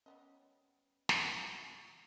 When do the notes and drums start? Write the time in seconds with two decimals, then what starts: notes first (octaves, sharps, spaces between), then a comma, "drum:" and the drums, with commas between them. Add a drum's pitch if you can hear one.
0.06 G3 B3 C#4 D#5
1.09 drum: snare